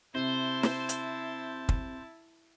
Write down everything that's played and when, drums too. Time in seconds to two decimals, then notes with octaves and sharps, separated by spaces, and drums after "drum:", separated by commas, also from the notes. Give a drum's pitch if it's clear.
0.15 C3 E4 C5 A5
0.63 drum: snare
0.89 drum: hi-hat
1.69 drum: kick